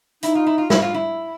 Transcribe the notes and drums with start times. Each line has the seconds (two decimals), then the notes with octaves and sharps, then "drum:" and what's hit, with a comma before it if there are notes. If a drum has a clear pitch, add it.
0.23 D#4 E4, drum: hi-hat
0.35 F4
0.47 E4
0.58 F4
0.70 E4, drum: snare
0.82 F4
0.94 E4